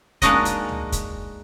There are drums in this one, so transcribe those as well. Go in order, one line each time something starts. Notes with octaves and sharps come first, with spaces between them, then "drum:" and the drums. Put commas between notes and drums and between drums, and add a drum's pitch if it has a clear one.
G#3 A#3 D4 D#4 F#4 D#5, drum: kick, hi-hat
drum: hi-hat
drum: tom C#2
drum: kick, hi-hat